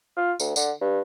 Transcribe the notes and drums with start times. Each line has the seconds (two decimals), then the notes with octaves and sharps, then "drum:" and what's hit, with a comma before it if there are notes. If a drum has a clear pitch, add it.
0.17 F4
0.40 D2, drum: tambourine
0.56 D3, drum: tambourine
0.81 G2